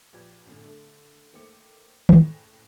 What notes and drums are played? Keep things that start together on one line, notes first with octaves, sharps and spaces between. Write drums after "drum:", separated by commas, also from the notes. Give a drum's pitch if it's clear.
A#1 F3 G4 B4 D5 G#6
G1 F#2 A2 D3
D3 A3 D4
D#3 A3 A#3 C5 D6 C#7
F#1 A2 G5 G#5 C#6 A#6, drum: tom